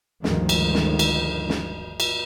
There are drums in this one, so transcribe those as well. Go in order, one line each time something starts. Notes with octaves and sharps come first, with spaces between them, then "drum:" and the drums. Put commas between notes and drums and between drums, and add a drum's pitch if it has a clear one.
D2 G2 D3 D#3 F3 G#3, drum: snare
drum: cymbal
drum: snare
drum: cymbal
drum: snare
drum: cymbal